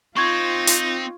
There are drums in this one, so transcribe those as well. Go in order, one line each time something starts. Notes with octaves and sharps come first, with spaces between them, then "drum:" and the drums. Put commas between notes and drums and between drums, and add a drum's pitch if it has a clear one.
C4 D#4 F4 C#6 G#6
drum: hi-hat